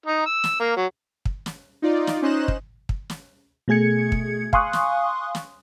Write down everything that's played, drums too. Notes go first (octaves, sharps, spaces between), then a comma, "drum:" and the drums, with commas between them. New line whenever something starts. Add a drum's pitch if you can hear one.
D#4
E6
drum: snare
A#3
F#3
drum: kick
drum: snare
D#4 F4 D5
drum: snare
C#4 D#4 C5 D#5 F#6 E7
drum: kick
drum: kick
drum: snare
B2 A3 G#4 G#6 C#7
drum: kick
F5 G#5 C6 C#6 D#6 F#6, drum: kick
drum: snare
drum: snare